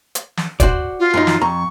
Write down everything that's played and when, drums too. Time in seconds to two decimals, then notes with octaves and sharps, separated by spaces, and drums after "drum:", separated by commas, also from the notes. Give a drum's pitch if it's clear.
0.15 drum: hi-hat
0.37 drum: snare
0.60 F#4 C5 D5, drum: kick, hi-hat
1.00 F4
1.14 F#2 F#3 D#4
1.27 drum: snare
1.41 F2 A#5 C#6